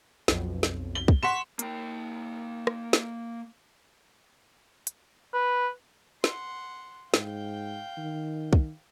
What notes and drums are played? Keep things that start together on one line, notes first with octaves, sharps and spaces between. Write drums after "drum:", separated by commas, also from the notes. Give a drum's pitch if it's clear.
B1 F2, drum: snare
drum: snare
G7
drum: kick
F#5 C6 C#6 B6 E7
A#3 G5, drum: hi-hat
drum: rim click
drum: snare
drum: hi-hat
B4
F#5 C6, drum: snare
G#2 F5 G5 G6, drum: snare
D#3
drum: kick